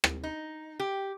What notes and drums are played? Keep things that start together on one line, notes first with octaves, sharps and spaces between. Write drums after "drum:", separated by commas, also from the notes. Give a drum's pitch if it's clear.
drum: rim click
D#4
G4